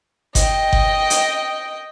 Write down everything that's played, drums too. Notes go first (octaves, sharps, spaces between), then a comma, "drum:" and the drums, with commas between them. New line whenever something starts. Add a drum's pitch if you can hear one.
D#5 G5, drum: kick F#1, hi-hat
drum: kick F#1
drum: hi-hat